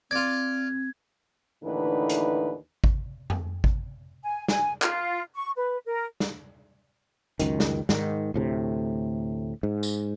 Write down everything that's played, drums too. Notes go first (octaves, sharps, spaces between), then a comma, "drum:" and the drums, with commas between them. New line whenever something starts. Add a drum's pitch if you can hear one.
C4 F4 D5 G#6
D#2 A2 D3 E3 D#4 B4
drum: hi-hat
drum: kick G#1
drum: tom F2
drum: kick G#1
G#5
G#5, drum: snare
F4, drum: clap
C#6
B4
A#4
drum: snare
C#2 F#2 D#3, drum: hi-hat
drum: snare
G#2 D#3, drum: snare
D2 A2 C3
G#2
drum: tambourine